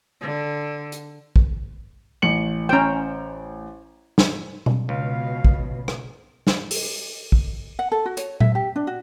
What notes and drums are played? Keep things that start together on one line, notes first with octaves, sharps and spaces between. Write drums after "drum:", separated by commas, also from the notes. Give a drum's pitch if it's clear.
D3
drum: hi-hat
drum: kick
A1 C#7 F#7
C#4 C5 G5 A#5
drum: snare
drum: tom B2
C#2 B2 F5
drum: kick
drum: rim click
drum: snare
drum: open hi-hat
drum: kick
F#5
A4
F#4
C#5, drum: hi-hat
E5, drum: tom A#2
G4
D4
F#4